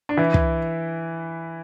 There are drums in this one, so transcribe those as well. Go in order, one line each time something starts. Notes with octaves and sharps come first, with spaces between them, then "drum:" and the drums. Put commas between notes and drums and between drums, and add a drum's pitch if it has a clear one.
D4
E3 E4
drum: kick